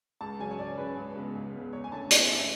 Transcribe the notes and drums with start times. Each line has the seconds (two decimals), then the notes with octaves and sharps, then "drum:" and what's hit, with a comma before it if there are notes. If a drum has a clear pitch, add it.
0.21 C#2 A5
0.39 C#3 F#3 C#4 G#5
0.51 C#5
0.59 C#2 D5
0.77 C#3 F#3 C#4 B4
0.97 C#2
1.15 C#3 G#3 B3
1.35 C#2
1.54 C#3 G#3 B3
1.73 E2 C#5
1.84 G#5
1.92 D3 A3 C#4 A5
2.11 E2, drum: hi-hat
2.29 D3 A3 C#4 E5